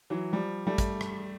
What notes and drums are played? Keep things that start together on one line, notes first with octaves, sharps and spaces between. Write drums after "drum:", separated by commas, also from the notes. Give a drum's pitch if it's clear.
E3 F#3
F3 G3
G3 A3
drum: kick, hi-hat
drum: rim click